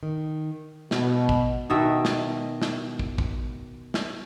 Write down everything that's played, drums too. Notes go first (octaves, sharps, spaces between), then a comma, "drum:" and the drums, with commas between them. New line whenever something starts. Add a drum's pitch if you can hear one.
D#3
B2, drum: snare
drum: kick
B2 D#3 D#5 E5
drum: snare
drum: snare
drum: kick
drum: kick
drum: snare